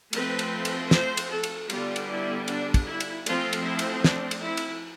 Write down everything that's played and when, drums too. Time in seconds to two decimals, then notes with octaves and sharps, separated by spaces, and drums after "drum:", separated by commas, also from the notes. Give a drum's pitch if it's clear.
0.13 F3 A3 C4 B4, drum: cymbal
0.39 drum: cymbal
0.65 drum: cymbal
0.91 C5, drum: snare
1.17 drum: cymbal
1.30 A4
1.43 drum: cymbal
1.70 D3 G3 B3 F4, drum: cymbal
1.96 drum: cymbal
2.09 E4
2.48 D4, drum: cymbal
2.74 drum: kick, cymbal
2.87 E4
3.00 drum: cymbal
3.26 F3 A3 C4 F4, drum: cymbal
3.53 drum: cymbal
3.66 E4
3.79 drum: cymbal
4.04 D4, drum: snare
4.31 drum: cymbal
4.44 E4
4.57 drum: cymbal